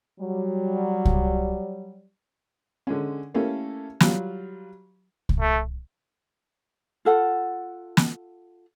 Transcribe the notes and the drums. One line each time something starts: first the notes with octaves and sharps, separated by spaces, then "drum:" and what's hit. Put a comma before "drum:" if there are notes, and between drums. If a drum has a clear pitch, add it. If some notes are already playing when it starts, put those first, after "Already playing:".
F#3 G3
drum: kick C2
D3 G#3 C#4
A3 A#3 C#4 E4 G4 A4
F#3 G3 F4, drum: snare
drum: kick C2
A3
F4 A4 F#5
drum: snare